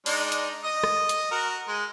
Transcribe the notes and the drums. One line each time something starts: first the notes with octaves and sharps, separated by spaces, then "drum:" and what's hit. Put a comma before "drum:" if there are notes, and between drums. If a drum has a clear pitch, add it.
G#3 D4 D#4, drum: open hi-hat
drum: hi-hat
D#5
drum: rim click
drum: hi-hat
F#4 A#4
G#3